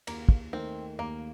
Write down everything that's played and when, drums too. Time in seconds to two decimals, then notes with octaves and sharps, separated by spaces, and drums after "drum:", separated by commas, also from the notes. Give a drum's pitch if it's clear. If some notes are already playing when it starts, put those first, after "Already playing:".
0.07 D#2 A#3, drum: cymbal
0.29 drum: kick
0.53 D#3 A3 C4 D#4 A#4
0.99 D#2 A#3